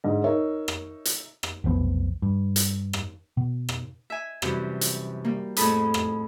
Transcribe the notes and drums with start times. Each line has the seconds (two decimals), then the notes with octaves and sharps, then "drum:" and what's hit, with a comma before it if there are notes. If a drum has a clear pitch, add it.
0.04 G#2 D3 D#5
0.24 D#4 A#4 C#5 E5
0.68 drum: rim click
1.05 drum: hi-hat
1.43 drum: rim click
1.64 F1 B1 F3 B3
2.22 G2
2.56 drum: hi-hat
2.93 drum: rim click
3.37 B2
3.69 drum: rim click
4.10 E5 G#5
4.42 F#2 C3 E3 G3, drum: rim click
4.81 drum: hi-hat
5.25 G3 A#3
5.56 F2 A2 G#4 A4 B5 D#6, drum: hi-hat
5.94 drum: rim click